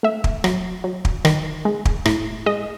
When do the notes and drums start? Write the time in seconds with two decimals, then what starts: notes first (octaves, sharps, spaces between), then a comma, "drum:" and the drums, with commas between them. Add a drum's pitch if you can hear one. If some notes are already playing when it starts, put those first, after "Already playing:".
0.03 A3 E5
0.24 drum: kick
0.44 F#3, drum: rim click
0.84 F#3
1.05 drum: kick
1.25 D#3, drum: rim click
1.65 G#3
1.85 drum: kick
2.05 A2, drum: rim click
2.46 G#3 D#5